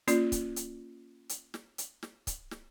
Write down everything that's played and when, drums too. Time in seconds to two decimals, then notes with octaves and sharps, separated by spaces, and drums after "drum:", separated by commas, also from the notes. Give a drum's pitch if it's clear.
0.08 A#3 C#4 F4 D5, drum: hi-hat
0.32 drum: kick, hi-hat
0.56 drum: hi-hat
1.29 drum: hi-hat
1.54 drum: snare
1.78 drum: hi-hat
2.03 drum: snare
2.27 drum: kick, hi-hat
2.51 drum: snare